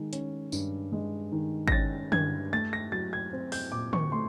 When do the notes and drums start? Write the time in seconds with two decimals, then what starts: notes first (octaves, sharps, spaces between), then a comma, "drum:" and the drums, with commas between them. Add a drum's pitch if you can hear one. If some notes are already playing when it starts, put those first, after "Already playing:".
Already playing: D#3 G#3
0.13 C#4, drum: hi-hat
0.52 G2, drum: tambourine
0.92 G#3
1.32 D#3
1.68 A#6, drum: kick G#1
1.72 C#4 A6
2.12 G2 G#6, drum: tom D3
2.52 A3 A6
2.73 A#6
2.92 F#3 A6
3.13 G#6
3.33 C4
3.52 G6, drum: open hi-hat
3.72 A#2 D6
3.93 C#6, drum: tom D3
4.12 A3 C6